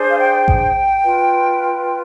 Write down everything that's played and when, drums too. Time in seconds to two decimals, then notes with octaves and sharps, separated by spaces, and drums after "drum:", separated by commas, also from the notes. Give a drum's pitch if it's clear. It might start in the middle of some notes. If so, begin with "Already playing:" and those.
Already playing: D4 G#4 C5
0.10 F5
0.19 G5
0.48 drum: kick A1
1.04 F4 B4